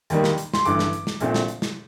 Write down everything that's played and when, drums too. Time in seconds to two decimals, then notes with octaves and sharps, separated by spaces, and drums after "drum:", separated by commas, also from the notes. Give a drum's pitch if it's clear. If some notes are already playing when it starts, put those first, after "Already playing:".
0.10 D#2 D#3 G3 A#3, drum: hi-hat
0.24 drum: snare
0.38 drum: hi-hat
0.54 C6, drum: snare
0.65 A1 G2 D3 A3 D6, drum: hi-hat
0.79 drum: snare
0.93 drum: hi-hat
1.07 drum: snare
1.20 A#1 A#2 A3 C4, drum: hi-hat
1.34 drum: snare
1.48 drum: hi-hat
1.62 drum: snare